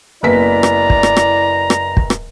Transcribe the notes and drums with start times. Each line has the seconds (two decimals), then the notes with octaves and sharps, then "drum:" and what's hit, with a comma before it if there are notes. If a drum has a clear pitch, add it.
0.23 F#1 B3 E4 D5 A#5 B6
0.63 drum: rim click
0.90 drum: kick
1.03 drum: rim click
1.17 drum: rim click
1.70 drum: rim click
1.97 drum: kick
2.10 drum: rim click